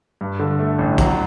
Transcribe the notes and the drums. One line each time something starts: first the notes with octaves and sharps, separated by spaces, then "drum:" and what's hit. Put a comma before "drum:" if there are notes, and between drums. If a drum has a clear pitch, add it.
G2
D3
A3
A1
F#3, drum: kick, hi-hat